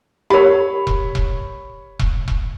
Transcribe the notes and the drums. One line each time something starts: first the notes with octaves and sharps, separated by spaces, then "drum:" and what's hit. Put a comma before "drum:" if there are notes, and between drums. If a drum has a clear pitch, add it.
G4 A#4 C#5 B5
drum: kick E1
drum: kick E1
drum: kick E1
drum: kick E1